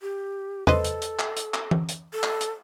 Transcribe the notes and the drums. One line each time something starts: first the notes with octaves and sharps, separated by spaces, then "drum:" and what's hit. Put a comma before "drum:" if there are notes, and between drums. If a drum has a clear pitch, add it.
G4
A4 B4 C5 D#5, drum: tom E2
drum: hi-hat
drum: hi-hat
drum: clap
drum: hi-hat
drum: clap
drum: tom E3
drum: hi-hat
A4
drum: clap
drum: hi-hat